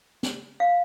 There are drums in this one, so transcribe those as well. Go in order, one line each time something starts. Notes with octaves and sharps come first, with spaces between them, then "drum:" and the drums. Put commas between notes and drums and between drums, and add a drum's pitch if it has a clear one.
drum: snare
F5